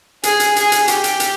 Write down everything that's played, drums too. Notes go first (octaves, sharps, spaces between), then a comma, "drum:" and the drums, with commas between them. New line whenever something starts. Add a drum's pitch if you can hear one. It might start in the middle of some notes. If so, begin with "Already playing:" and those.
G#4, drum: hi-hat
drum: hi-hat
G#4, drum: hi-hat
drum: hi-hat
G4, drum: hi-hat
drum: hi-hat
drum: hi-hat